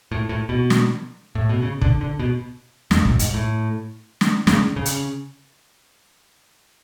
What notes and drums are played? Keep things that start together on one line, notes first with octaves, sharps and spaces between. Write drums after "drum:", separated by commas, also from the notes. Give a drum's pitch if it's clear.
A2
A2
B2
drum: snare
A2
B2
C#3
D3, drum: kick
D3
B2
F2, drum: snare
F#2, drum: kick
G#2, drum: hi-hat
A2
drum: snare
C#3, drum: snare
C#3
drum: hi-hat